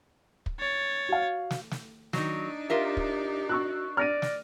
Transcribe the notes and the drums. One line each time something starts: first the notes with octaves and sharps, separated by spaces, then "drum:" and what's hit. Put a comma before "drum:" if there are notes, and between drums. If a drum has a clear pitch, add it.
drum: kick
C#5 A6
F#4 F5
drum: snare
drum: snare
D#3 F#3 D4 D#4, drum: snare
F4 G4 A#4 E5
drum: kick
F#4 C#6 E6 F#6
D5 F6 A#6 D#7
drum: snare